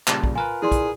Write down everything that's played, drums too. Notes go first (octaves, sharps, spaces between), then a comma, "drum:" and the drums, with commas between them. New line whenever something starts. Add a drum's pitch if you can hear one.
A#2 C#3 G3 A5, drum: clap
drum: kick
F4 A#4 B4 G#5
E4 G#4 D5 C6
drum: kick, hi-hat